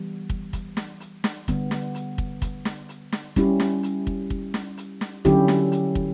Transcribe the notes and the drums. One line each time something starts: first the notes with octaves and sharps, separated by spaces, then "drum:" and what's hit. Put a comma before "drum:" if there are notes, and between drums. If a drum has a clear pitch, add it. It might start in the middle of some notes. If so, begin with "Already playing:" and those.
Already playing: E3 G3 B3
drum: kick
drum: kick, hi-hat
drum: snare
drum: hi-hat
drum: snare
D3 G3 B3, drum: kick, hi-hat
drum: snare
drum: hi-hat
drum: kick
drum: kick, hi-hat
drum: snare
drum: hi-hat
drum: snare
G3 C#4 E4 G4, drum: kick, hi-hat
drum: snare
drum: hi-hat
drum: kick
drum: kick
drum: snare
drum: hi-hat
drum: snare
D3 F#3 C#4 E4 G4, drum: kick, hi-hat
drum: snare
drum: hi-hat
drum: kick